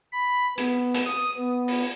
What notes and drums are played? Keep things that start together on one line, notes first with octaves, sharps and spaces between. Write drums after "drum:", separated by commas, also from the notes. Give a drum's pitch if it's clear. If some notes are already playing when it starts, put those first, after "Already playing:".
B5
B3, drum: hi-hat
drum: hi-hat
D#6
B3
drum: open hi-hat